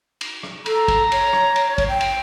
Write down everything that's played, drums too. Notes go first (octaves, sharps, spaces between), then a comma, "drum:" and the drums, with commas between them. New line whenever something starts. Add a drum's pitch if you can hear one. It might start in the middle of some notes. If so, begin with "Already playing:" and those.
drum: cymbal
drum: rim click
A4 A#5, drum: cymbal
drum: kick, cymbal
C#5, drum: cymbal
drum: rim click
drum: cymbal
drum: kick, cymbal
G5
drum: cymbal